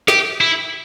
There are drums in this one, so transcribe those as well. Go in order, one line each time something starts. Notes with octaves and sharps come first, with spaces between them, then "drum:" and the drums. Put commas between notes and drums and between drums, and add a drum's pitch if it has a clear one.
G4, drum: snare
E4